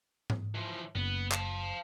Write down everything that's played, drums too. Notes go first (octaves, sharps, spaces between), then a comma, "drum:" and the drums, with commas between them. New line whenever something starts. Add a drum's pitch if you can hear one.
drum: tom G#2
E3 F3
F#1 B3
F5 A5, drum: clap